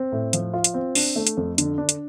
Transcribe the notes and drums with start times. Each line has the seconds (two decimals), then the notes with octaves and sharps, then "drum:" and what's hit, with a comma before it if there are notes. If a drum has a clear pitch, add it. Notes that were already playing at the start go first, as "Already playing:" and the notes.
Already playing: C4
0.12 A2
0.33 F3, drum: hi-hat
0.54 F4
0.64 drum: hi-hat
0.74 C4
0.95 D4, drum: open hi-hat
1.16 A3
1.27 drum: hi-hat
1.37 F2
1.58 D3, drum: hi-hat
1.78 D4
1.89 drum: hi-hat